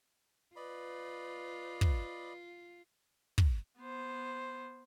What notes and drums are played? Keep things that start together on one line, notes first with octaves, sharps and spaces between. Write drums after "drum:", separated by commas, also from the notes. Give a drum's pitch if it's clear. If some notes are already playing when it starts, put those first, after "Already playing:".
F4 B4 D5 D#5 B5
drum: kick
drum: kick
B3 C5